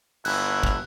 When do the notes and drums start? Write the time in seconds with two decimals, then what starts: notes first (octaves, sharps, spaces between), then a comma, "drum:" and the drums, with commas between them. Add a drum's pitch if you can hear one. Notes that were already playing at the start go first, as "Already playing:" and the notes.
0.25 G1 E4 F#6, drum: cymbal
0.63 drum: kick